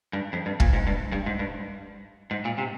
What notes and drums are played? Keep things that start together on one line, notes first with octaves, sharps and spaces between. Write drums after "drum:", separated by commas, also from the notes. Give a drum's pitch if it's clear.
G2
F2
G2
A#2, drum: kick
G#2
G2
G2
G#2
G2
G#2
A#2
C3